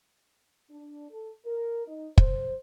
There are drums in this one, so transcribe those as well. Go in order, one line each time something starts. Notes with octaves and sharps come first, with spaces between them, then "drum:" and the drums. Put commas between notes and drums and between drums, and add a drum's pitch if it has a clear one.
D4
A4
A#4
D#4
C5, drum: kick